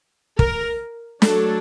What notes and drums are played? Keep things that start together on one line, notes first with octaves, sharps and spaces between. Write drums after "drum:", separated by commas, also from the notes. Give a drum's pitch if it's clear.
A#4, drum: kick
F#3 A3 D4 A4, drum: snare